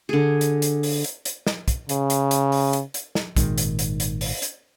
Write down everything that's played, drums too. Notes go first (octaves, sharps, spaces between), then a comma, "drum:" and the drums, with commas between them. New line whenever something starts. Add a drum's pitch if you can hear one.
D3 G#4
drum: hi-hat
drum: hi-hat
drum: open hi-hat
drum: hi-hat
drum: hi-hat
drum: snare
drum: kick, hi-hat
C#3, drum: hi-hat
drum: hi-hat
drum: hi-hat
drum: open hi-hat
drum: hi-hat
drum: hi-hat
drum: snare
G#1 A#2 D#3 G#3, drum: kick, hi-hat
drum: hi-hat
drum: hi-hat
drum: hi-hat
drum: open hi-hat
drum: hi-hat